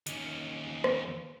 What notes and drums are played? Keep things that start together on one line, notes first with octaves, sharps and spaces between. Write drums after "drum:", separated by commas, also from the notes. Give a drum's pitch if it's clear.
D#2 C#4, drum: hi-hat
drum: rim click